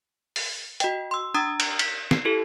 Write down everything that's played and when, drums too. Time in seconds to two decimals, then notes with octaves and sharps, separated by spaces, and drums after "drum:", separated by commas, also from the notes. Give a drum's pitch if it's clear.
0.36 drum: open hi-hat
0.80 F#4 D#5 G5, drum: hi-hat
1.11 C6 E6
1.34 D4 A#5 D#6 E6 A6
1.60 drum: cymbal
1.79 B6, drum: cymbal
2.11 C7, drum: snare
2.25 E4 G4 A4